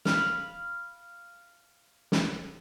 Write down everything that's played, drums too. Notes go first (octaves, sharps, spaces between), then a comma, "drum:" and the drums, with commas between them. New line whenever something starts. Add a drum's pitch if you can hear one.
F5 B5, drum: snare
drum: snare